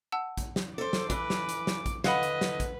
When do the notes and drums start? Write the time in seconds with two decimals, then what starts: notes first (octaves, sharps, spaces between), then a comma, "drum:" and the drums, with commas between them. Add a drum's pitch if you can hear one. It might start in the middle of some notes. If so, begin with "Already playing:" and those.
0.12 F#5 A5 E6
0.37 drum: kick, hi-hat
0.56 drum: snare
0.78 A4 C5 D6
0.93 drum: snare
1.10 E3 B4, drum: kick, hi-hat
1.30 drum: snare
1.49 drum: hi-hat
1.67 drum: snare
1.86 drum: kick, hi-hat
2.04 D3 B4 D#5 F5 F#5 B5, drum: snare
2.23 drum: hi-hat
2.41 drum: snare
2.60 drum: kick, hi-hat